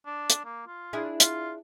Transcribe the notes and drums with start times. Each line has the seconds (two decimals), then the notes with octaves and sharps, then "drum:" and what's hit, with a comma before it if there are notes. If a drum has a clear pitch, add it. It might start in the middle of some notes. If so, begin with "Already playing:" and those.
0.06 D4
0.30 drum: hi-hat
0.45 A#3
0.67 F4
0.93 D4 E4 G#4
1.20 F4, drum: hi-hat